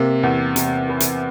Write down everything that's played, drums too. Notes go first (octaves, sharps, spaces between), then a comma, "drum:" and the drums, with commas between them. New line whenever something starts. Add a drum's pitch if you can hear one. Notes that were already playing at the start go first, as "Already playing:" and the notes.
Already playing: C3 A#3
E2
C3, drum: hi-hat
E3
drum: hi-hat